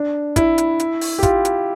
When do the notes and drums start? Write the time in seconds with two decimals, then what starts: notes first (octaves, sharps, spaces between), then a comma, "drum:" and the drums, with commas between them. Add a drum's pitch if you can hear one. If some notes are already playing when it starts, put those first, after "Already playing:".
Already playing: D4
0.36 E4, drum: kick, hi-hat
0.58 drum: hi-hat
0.80 drum: hi-hat
1.01 drum: open hi-hat
1.19 G4
1.23 F4, drum: kick, hi-hat
1.45 drum: hi-hat